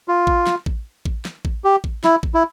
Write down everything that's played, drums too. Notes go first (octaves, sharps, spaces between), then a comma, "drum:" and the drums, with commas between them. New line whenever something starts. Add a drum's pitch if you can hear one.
F4
drum: kick A1
drum: snare
drum: kick A1
drum: kick A1
drum: snare
drum: kick A1
G4
drum: kick A1
E4, drum: snare
drum: kick A1
E4